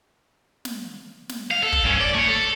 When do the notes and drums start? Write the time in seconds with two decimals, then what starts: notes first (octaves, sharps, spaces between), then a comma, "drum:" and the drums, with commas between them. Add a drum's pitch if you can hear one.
0.65 drum: snare
1.29 drum: snare
1.51 F5
1.63 A4
1.72 drum: kick
1.84 G2 C#4
2.01 D5
2.14 A3 C#5
2.28 A4